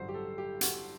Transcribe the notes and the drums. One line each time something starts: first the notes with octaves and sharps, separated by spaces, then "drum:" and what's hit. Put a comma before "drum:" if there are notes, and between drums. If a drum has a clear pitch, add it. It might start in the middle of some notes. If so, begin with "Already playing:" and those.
Already playing: A1 G2 D3 F#3 C5
G4
A4
G4
F#4, drum: hi-hat